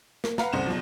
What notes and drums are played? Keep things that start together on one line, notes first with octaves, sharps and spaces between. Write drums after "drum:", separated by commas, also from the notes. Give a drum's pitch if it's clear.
A#3, drum: snare
B4 F5 F#5 A#5, drum: snare
G1 C2 C#3 C5 F#5 E7
B1 E2 F3